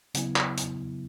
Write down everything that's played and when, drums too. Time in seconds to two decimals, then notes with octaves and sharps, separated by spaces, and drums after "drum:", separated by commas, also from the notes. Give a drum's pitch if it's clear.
0.14 C#3 F#3 B3 E4, drum: hi-hat
0.36 drum: clap
0.57 drum: hi-hat